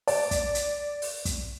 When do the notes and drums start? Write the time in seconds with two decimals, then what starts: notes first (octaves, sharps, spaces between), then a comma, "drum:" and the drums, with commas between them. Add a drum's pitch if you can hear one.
0.08 D5, drum: open hi-hat
0.31 drum: kick, hi-hat
0.55 drum: hi-hat
1.02 drum: open hi-hat
1.25 drum: kick, hi-hat